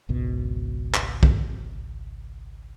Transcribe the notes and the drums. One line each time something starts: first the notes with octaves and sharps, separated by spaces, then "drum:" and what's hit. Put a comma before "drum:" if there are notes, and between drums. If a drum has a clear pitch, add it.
G#1 C#2 B2
drum: clap
drum: kick